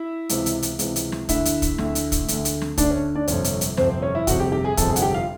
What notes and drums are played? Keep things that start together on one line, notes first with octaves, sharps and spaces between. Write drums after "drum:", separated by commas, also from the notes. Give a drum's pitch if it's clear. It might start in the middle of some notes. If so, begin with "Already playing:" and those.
Already playing: E4 E5
C#2 C3 E3, drum: hi-hat
drum: hi-hat
drum: hi-hat
C#2 C3 E3, drum: hi-hat
drum: hi-hat
drum: snare
D2 D3 E4 E5, drum: kick, hi-hat
drum: hi-hat
drum: kick, hi-hat
D2 D3, drum: snare
drum: hi-hat
drum: kick, hi-hat
D2 D3, drum: hi-hat
drum: hi-hat
drum: snare
D2 D3 D4 D5, drum: kick, hi-hat
C#4 C#5
D4 D5
G1 F2 C3 C#4 C#5, drum: hi-hat
drum: hi-hat
drum: hi-hat
G1 F2 C3 C4 C5, drum: snare
C4 C5
C#4 C#5
E4 E5
G1 F2 C3 F#4 F#5, drum: kick, hi-hat
G4 G5
G4 G5
G#4 G#5
G1 F2 C3 A4 A5, drum: kick, hi-hat
G#4 G#5
F#5, drum: hi-hat
G4 G5
F4 F5